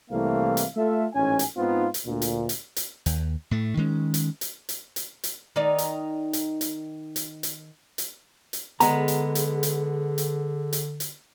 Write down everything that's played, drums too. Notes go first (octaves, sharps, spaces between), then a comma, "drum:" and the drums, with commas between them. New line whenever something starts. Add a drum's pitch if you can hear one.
C2 E3 A3 A#3 C4 F5
drum: hi-hat
A3 F4 A4 E5
A1 G#2 C#4 G#5
drum: hi-hat
G#2 B3 C4 D#4 F4
drum: hi-hat
D2 A#2
drum: hi-hat
drum: hi-hat
drum: hi-hat
D#2, drum: hi-hat
A2 A3
D#3 G#3 C#4
drum: hi-hat
drum: hi-hat
drum: hi-hat
drum: hi-hat
drum: hi-hat
D#3 D#4 D5
drum: hi-hat
drum: hi-hat
drum: hi-hat
drum: hi-hat
drum: hi-hat
drum: hi-hat
drum: hi-hat
D3 G#3 B3 G#4 A#5, drum: hi-hat
drum: hi-hat
drum: hi-hat
drum: hi-hat
drum: hi-hat
drum: hi-hat
drum: hi-hat